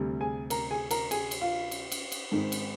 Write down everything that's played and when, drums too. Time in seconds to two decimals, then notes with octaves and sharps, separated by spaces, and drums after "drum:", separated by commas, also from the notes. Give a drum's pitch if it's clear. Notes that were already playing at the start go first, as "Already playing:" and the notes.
Already playing: D2 C3 G3
0.21 G#4 G#5
0.50 A#4 A#5, drum: cymbal
0.71 G#4 G#5
0.91 A#4 A#5, drum: cymbal
1.11 G#4 G#5, drum: cymbal
1.31 drum: cymbal
1.41 F4 F5
1.71 drum: cymbal
1.92 drum: cymbal
2.12 drum: cymbal
2.32 G#2 D#3 G#3 C4
2.52 drum: cymbal